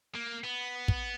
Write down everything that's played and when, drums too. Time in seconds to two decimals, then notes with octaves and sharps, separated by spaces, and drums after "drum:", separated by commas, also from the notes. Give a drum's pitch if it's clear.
0.15 A#3
0.44 B3
0.88 drum: kick